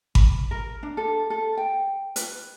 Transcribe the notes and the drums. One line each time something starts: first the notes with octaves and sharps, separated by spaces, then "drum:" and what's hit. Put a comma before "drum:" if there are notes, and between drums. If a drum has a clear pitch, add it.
B5, drum: kick G#1
A#4
D4
A4
A4
G5
B4, drum: hi-hat